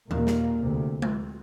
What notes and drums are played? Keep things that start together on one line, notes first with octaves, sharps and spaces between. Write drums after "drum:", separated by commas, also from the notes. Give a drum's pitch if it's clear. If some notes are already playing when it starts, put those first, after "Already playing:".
D#2 A#2 A#3, drum: tom E3
drum: snare
D2 C3
drum: tom G#3